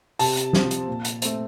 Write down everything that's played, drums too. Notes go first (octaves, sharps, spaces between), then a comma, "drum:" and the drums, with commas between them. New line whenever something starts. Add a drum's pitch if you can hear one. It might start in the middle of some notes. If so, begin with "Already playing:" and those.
C3 A5, drum: open hi-hat
drum: hi-hat
F3 C4, drum: snare
drum: hi-hat
A#2
drum: hi-hat
A3 C4, drum: hi-hat